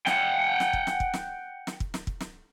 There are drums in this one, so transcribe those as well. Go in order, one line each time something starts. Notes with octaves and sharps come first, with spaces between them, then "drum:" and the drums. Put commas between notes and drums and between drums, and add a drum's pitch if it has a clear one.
F#5 G5, drum: snare
drum: snare
drum: kick
drum: snare
drum: kick
drum: snare
drum: snare
drum: kick
drum: snare
drum: kick
drum: snare